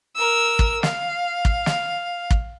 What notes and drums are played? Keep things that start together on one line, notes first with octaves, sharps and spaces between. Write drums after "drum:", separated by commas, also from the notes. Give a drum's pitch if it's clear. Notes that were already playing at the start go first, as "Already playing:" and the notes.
A#4 E6
drum: kick
F5, drum: snare
drum: kick
drum: snare
drum: kick